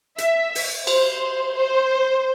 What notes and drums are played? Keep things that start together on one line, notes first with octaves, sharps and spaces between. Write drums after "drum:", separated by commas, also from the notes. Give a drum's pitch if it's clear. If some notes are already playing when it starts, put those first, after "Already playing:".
E5, drum: hi-hat
drum: open hi-hat
C5, drum: cymbal
C5